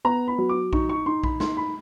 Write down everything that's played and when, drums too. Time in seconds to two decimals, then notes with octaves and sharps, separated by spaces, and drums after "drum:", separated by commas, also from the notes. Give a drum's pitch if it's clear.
0.05 B3 A#5
0.28 B5
0.38 F#3
0.49 D6
0.73 D#4 C#6, drum: kick A#1
0.89 C#6
1.06 D#4 C6
1.23 B5, drum: kick A#1
1.40 D#4 C6, drum: snare
1.57 B5